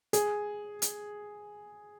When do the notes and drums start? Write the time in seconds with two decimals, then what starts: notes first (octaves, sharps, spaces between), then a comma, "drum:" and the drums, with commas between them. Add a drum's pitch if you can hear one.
0.13 G#4, drum: hi-hat
0.82 drum: hi-hat